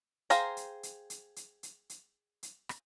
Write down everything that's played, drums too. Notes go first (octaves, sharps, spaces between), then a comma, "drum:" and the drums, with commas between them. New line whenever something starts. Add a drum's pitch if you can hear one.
G#4 C5 F5 G5 A#5, drum: hi-hat
drum: hi-hat
drum: hi-hat
drum: hi-hat
drum: hi-hat
drum: hi-hat
drum: hi-hat
drum: hi-hat
drum: rim click